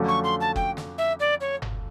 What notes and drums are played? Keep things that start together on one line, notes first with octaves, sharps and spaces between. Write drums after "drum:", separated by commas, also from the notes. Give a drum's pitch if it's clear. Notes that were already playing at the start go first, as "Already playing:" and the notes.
Already playing: F2 D3 F#3 A3 C#4
C#6
C6
A5
G5, drum: kick F#1
drum: snare
E5
D5
C#5
drum: tom F#1